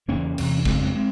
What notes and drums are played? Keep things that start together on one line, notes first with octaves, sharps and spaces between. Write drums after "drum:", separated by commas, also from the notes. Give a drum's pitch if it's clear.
E2 C#3 A#3 C#4
E2 C3, drum: cymbal
C#4
F2 C#3 G#3 C4, drum: kick
G#3 C4
G#3 C4